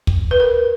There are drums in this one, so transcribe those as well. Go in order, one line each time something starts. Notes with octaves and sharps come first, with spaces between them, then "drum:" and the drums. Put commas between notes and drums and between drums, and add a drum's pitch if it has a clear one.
drum: kick
B4
A#4